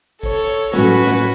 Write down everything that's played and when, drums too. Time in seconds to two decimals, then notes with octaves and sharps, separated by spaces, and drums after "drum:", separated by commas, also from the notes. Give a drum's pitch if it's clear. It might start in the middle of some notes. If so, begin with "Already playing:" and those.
0.23 A4 C#5, drum: kick G#1
0.74 A2 F#3 C#4 F#4 B4, drum: snare
1.07 drum: snare